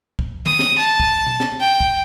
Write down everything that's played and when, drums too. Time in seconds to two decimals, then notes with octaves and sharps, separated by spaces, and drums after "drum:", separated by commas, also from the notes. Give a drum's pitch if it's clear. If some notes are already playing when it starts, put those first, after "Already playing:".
0.19 drum: kick
0.46 D#6, drum: tom D3
0.59 drum: snare
0.78 A5
1.00 drum: kick
1.27 drum: tom B2
1.40 drum: snare
1.60 G5
1.80 drum: kick